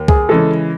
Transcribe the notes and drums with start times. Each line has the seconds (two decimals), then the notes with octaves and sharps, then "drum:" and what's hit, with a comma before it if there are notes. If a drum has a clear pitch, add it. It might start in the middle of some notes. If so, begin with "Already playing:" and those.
Already playing: D#2
0.08 G#4, drum: kick C2
0.29 C#3 E3 G#3 A4